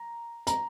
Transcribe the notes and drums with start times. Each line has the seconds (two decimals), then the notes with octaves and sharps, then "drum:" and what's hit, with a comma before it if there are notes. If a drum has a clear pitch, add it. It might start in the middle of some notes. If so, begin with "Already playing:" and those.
Already playing: A#5
0.47 A#5, drum: hi-hat